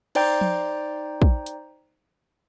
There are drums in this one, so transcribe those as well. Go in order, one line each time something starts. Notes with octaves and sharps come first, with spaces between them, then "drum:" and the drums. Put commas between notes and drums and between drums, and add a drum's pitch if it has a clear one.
D#4 C5 D5 G5 A#5 G6, drum: cymbal
drum: tom F3
drum: kick
drum: hi-hat